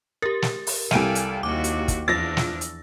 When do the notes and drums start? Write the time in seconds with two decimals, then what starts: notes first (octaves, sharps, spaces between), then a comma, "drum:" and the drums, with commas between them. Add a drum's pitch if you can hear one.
0.22 G4 A#4 A6
0.42 drum: snare
0.67 drum: open hi-hat
0.91 C2 A4 D5 F5 G5 G#5 D7 D#7, drum: snare
1.15 drum: hi-hat
1.43 D#2 F#4 D6
1.64 drum: hi-hat
1.88 drum: kick, hi-hat
2.08 E2 F3 D4 E6 A6 A#6
2.37 drum: snare
2.61 drum: hi-hat